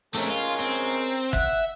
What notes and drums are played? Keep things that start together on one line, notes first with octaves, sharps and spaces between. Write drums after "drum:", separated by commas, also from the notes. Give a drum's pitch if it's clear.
G#3 A3 C4 C#4 A#4, drum: hi-hat
F4
C4
E5 F#5, drum: kick